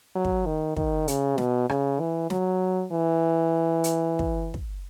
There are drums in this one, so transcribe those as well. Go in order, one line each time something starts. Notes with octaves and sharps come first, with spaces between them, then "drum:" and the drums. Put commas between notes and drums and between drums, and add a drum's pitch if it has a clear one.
F#3
drum: kick
D#3
D#3, drum: kick
C#3, drum: hi-hat
B2, drum: snare
C#3, drum: rim click
E3
F#3, drum: snare
E3
drum: hi-hat
drum: kick
drum: kick